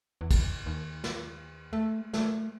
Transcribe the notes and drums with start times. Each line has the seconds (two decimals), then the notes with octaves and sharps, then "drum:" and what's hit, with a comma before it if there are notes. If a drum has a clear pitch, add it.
0.21 E2
0.31 drum: kick, cymbal
0.66 D#2
1.04 drum: snare
1.73 A3
2.13 A3, drum: snare